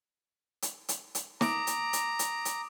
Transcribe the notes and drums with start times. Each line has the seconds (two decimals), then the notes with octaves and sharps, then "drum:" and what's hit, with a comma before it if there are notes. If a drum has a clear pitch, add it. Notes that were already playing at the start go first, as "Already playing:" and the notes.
0.62 drum: hi-hat
0.89 drum: hi-hat
1.15 drum: hi-hat
1.41 A#5 D6 D#6 D7, drum: snare
1.67 drum: hi-hat
1.93 drum: hi-hat
2.19 drum: hi-hat
2.45 drum: hi-hat